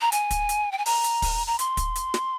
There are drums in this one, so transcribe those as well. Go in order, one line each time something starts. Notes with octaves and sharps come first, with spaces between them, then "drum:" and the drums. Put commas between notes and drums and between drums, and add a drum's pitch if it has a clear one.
A#5
G#5, drum: hi-hat
drum: kick, hi-hat
drum: hi-hat
G5
G#5
A#5, drum: open hi-hat
drum: hi-hat
drum: kick, open hi-hat
A#5
C6, drum: hi-hat
drum: kick, hi-hat
drum: hi-hat
drum: snare